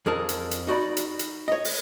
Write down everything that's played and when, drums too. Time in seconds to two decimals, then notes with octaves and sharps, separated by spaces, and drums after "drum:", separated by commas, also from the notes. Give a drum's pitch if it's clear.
0.06 F2 G#4 A#4 A5
0.29 drum: hi-hat
0.51 drum: hi-hat
0.67 D#4 F#4 D5 B5
0.97 drum: hi-hat
1.19 drum: hi-hat
1.48 C#5 D#5
1.65 drum: open hi-hat